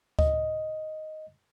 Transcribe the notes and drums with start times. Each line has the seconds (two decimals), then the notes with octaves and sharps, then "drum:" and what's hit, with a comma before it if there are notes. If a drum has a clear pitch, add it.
0.19 D#5, drum: kick D2